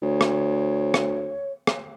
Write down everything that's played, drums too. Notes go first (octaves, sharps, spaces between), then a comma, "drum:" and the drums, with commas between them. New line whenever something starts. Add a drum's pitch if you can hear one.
D2 C#5
drum: rim click
drum: rim click
drum: rim click